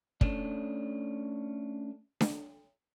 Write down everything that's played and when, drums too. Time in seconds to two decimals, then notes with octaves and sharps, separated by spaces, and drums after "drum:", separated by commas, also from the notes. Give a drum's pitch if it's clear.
0.21 A3 C#4 D4, drum: kick
2.21 drum: snare D4